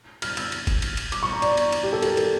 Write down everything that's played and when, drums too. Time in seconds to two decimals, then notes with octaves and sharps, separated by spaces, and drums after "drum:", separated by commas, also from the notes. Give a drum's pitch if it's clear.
0.22 F6, drum: cymbal
0.37 E6, drum: cymbal
0.52 drum: cymbal
0.67 drum: kick F#1, cymbal
0.82 drum: cymbal
0.97 drum: cymbal
1.12 D6, drum: cymbal
1.23 C#6
1.32 A#5
1.42 D5, drum: cymbal
1.57 drum: cymbal
1.72 drum: cymbal
1.83 G4
1.93 A4
2.02 A#4, drum: cymbal
2.17 A4, drum: cymbal